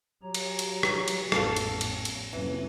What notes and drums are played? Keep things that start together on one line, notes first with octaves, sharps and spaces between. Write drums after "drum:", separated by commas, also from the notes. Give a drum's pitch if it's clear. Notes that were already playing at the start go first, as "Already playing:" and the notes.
F#3 G4 C#5 A#5
drum: cymbal
drum: cymbal
drum: rim click
drum: cymbal
A1 F2 F3 B3 A4 F5, drum: rim click
drum: cymbal
drum: cymbal
drum: cymbal
F2 C3 E3 F#3 A#3 C#4